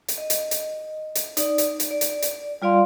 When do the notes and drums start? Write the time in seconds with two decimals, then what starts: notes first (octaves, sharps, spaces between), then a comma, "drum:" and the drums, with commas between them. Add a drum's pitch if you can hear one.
0.08 drum: hi-hat
0.18 D#5
0.30 drum: hi-hat
0.51 drum: hi-hat
1.15 drum: hi-hat
1.37 D#4 D5, drum: hi-hat
1.58 drum: hi-hat
1.80 drum: hi-hat
1.91 D5
2.01 drum: hi-hat
2.22 drum: hi-hat
2.62 G3 F4 D5 F5 C6